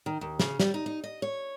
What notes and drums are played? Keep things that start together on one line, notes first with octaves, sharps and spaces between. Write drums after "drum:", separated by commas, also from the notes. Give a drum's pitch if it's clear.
D#3
D#2
C#3, drum: snare
G3, drum: snare
D#4
D#4
D#5
C#5